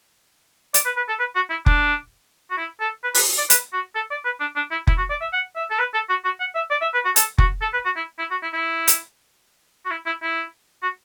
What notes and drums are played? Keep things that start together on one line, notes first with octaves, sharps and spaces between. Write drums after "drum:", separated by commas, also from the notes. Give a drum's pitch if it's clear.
D5, drum: hi-hat
B4
B4
A4
B4
F#4
E4
D4, drum: kick F1
F#4
E4
A4
B4
B4, drum: open hi-hat
D5
B4, drum: hi-hat
F#4
A4
D5
B4
D4
D4
E4
E4, drum: kick F1
F#4
D5
E5
F#5
E5
A4
B4
A4
F#4
F#4
F#5
E5
D5
E5
B4
F#4
A4, drum: hi-hat
F#4, drum: kick F1
A4
B4
F#4
E4
E4
F#4
E4
E4
drum: hi-hat
F#4
E4
E4
E4
F#4